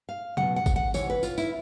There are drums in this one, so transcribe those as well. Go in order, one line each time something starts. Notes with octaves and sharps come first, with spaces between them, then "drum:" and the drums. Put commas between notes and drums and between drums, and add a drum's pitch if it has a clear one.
F5
B2 F#3 F#5, drum: tom C#3
F#5
drum: kick G#1, tambourine
F#5
C3 E3 C#5, drum: tambourine
B4
F4, drum: tambourine
E4, drum: tambourine